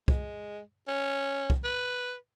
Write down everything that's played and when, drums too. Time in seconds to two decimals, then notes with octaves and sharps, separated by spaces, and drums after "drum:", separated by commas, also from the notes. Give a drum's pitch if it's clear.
0.08 G#3, drum: kick
0.88 C#4
1.50 drum: kick
1.64 B4